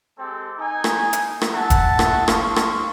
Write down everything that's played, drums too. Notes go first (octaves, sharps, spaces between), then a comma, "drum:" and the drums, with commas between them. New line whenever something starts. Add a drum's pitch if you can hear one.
G#3 C4 G4 A4
D#4 G#5
drum: rim click
drum: hi-hat
drum: rim click
E5 F#5 A5
drum: kick F1, hi-hat
drum: rim click
C4 F5 C6 C#6, drum: rim click
drum: rim click